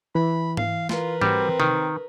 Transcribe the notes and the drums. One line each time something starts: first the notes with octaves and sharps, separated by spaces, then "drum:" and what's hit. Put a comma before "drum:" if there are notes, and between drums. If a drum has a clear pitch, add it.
E3 B5
F5, drum: tom G#2
F4 A#4 B4, drum: snare
G3 C4 F#4, drum: tom G#2
D#3, drum: tom C3